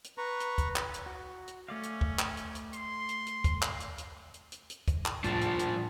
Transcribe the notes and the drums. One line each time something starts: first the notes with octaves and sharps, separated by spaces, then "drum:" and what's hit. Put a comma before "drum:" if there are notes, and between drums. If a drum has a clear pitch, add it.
drum: hi-hat
B4 A#5 C#6
drum: hi-hat
drum: kick, hi-hat
drum: clap
drum: hi-hat
F#4
drum: hi-hat
A3 C#4 D5 F5
drum: hi-hat
drum: kick
drum: clap
drum: hi-hat
drum: hi-hat
C6, drum: hi-hat
drum: hi-hat
drum: hi-hat
drum: kick, hi-hat
drum: clap
drum: hi-hat
drum: hi-hat
drum: hi-hat
drum: hi-hat
drum: hi-hat
drum: kick, hi-hat
drum: clap
A2 F3 G3 D4, drum: hi-hat
drum: hi-hat
drum: hi-hat